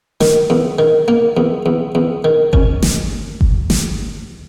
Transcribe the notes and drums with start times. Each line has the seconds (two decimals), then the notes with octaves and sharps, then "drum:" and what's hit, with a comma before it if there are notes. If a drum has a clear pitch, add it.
0.21 D#3, drum: snare
0.50 E2
0.79 D#3
1.08 A#3
1.37 E2
1.66 E2
1.95 E2
2.24 D#3
2.53 C#4, drum: kick G1
2.82 drum: snare
3.41 drum: kick G1
3.70 drum: snare